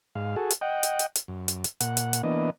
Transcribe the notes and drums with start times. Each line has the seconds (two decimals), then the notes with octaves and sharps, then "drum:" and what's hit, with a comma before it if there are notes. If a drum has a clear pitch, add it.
0.15 G#2 F5
0.36 F#4 G#4 A4
0.50 drum: hi-hat
0.61 D#5 F#5 G5
0.83 drum: hi-hat
0.99 drum: hi-hat
1.15 drum: hi-hat
1.28 F#2
1.48 drum: hi-hat
1.64 drum: hi-hat
1.80 A#2 F#5, drum: hi-hat
1.97 drum: hi-hat
2.13 drum: hi-hat
2.23 E3 A#3 B3 D4 D#5